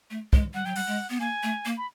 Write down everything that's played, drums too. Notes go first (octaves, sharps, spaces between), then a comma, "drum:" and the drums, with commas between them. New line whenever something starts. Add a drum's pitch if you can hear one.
A3
G#3, drum: kick
G3 F#5
F#3 G5
G3 F#5, drum: open hi-hat
G#3
B3
A#3 G#5
A3
A#3
B5